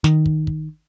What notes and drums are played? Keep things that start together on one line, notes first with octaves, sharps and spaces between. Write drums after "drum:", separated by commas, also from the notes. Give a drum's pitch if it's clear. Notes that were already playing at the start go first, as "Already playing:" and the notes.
D#3, drum: snare
drum: kick
drum: kick